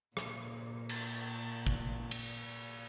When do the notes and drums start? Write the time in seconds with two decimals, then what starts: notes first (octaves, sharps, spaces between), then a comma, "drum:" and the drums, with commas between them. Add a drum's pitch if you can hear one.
0.17 A#2, drum: rim click
0.89 drum: cymbal
1.67 drum: kick
2.11 drum: cymbal